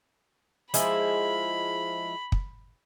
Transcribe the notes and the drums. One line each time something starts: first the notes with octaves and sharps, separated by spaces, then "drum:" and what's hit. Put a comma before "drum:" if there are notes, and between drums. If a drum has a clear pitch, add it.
F3 G#3 E4 B5, drum: hi-hat
drum: kick